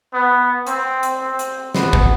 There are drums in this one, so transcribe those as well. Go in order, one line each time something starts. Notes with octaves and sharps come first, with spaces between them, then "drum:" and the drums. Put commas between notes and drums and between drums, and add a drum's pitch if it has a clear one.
B3
C4, drum: hi-hat
drum: hi-hat
C4
drum: hi-hat
B3, drum: snare
drum: kick G#1